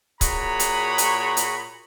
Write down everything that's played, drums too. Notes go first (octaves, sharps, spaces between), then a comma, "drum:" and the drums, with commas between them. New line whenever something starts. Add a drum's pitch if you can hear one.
A#2 F#4 G#4 C#5 A#5 B5, drum: kick C#1, hi-hat
drum: hi-hat
drum: hi-hat
drum: hi-hat